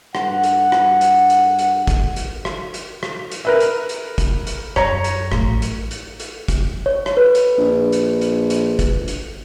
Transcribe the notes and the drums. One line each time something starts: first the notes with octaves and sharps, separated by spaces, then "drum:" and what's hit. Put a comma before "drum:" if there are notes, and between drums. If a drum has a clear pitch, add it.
G2 F#5, drum: rim click
drum: hi-hat
drum: rim click
drum: hi-hat
drum: hi-hat
drum: hi-hat
drum: kick, hi-hat
drum: hi-hat
drum: rim click
drum: hi-hat
drum: rim click
drum: hi-hat
A#4 B4 E5
drum: hi-hat
drum: hi-hat
drum: kick, hi-hat
drum: hi-hat
F#2 C#5 A#5, drum: rim click
drum: hi-hat
A1 G2, drum: rim click
drum: hi-hat
drum: hi-hat
drum: hi-hat
drum: kick, hi-hat
C#5
drum: rim click
B4
drum: hi-hat
A#1
drum: hi-hat
drum: hi-hat
drum: hi-hat
drum: kick, hi-hat
drum: hi-hat